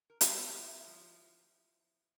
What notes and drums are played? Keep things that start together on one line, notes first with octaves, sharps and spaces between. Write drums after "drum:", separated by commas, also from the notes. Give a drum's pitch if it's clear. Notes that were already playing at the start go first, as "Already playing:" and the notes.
A#4
A4, drum: hi-hat
G4
F4
F3 E4
F3